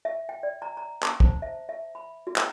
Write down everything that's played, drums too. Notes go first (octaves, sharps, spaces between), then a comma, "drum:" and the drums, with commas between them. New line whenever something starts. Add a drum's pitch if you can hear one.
E5
G5
D5
A#5
A#5
A5, drum: clap
C5, drum: kick
E5
E5
B5
F#4
drum: clap